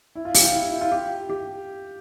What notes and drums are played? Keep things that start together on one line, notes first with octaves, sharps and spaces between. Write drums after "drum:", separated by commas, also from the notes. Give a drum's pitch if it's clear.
E4
F4
G4, drum: open hi-hat
F4
E4
E4
F4
G4
G4